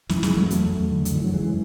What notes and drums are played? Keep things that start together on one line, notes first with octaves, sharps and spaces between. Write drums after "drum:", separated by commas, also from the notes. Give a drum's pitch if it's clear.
F#2 E3, drum: snare
E3 G#3, drum: snare
F#2
F#3 A3
E2 F#3 A3, drum: hi-hat
E2
D3
D3, drum: hi-hat
F#2 E3
F#3
C#3 E3 G#3